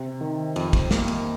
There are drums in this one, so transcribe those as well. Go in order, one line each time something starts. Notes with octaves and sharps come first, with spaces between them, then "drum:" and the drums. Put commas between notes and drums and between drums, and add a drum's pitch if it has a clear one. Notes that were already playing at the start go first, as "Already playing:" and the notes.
Already playing: C3
D#3
F2, drum: cymbal
drum: kick, cymbal
A#3, drum: snare
drum: cymbal